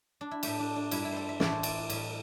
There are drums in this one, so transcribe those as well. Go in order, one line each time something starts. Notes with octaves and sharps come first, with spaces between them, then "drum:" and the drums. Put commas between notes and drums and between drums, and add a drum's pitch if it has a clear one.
D4
E4
A2 A3 G4, drum: cymbal
D4
D4
G2 G3 E4, drum: cymbal
E4
A4 C5
E5
A2 E3 A3 D5, drum: snare
C5
D5, drum: cymbal
A2 G3, drum: cymbal